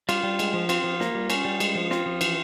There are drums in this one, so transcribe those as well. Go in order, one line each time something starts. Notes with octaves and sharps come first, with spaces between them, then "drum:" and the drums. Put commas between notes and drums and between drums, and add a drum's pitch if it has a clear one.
G3 F4, drum: cymbal
G3
G#3, drum: cymbal
F3
C4 F4, drum: cymbal
F3
A#3, drum: snare
G3
C#4, drum: cymbal
G3
G#3, drum: cymbal
F3
C4 F4, drum: snare
F3
E3, drum: cymbal